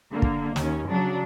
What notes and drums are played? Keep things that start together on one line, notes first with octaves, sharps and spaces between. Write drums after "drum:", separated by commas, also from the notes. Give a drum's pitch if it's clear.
D3 A#3
drum: kick
D#2 C#4, drum: snare
C#3 F#3 D4